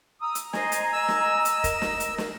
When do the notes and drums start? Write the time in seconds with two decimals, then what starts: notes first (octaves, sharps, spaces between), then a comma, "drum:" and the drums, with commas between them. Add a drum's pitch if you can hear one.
0.21 A#5 D#6 E6
0.35 drum: hi-hat
0.53 C5 D#5 G#5, drum: snare
0.72 drum: hi-hat
0.93 D#5 E6
1.08 drum: snare
1.45 drum: hi-hat
1.64 A#4, drum: kick F1, hi-hat
1.82 drum: snare
2.00 drum: hi-hat
2.18 drum: snare